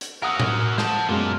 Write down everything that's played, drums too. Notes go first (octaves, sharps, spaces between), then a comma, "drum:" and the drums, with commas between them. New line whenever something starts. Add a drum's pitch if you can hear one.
drum: hi-hat
F#4 A#4 F#5 D#6 E6
drum: tom A2
C5 A5, drum: snare
F#2 B2 G#3 A#3 F4